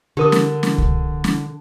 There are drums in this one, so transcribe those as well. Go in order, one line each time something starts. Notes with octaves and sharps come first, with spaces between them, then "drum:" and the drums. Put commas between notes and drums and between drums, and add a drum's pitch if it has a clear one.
D3 G4 A#4 D#6
drum: snare
drum: snare
drum: kick C2
drum: snare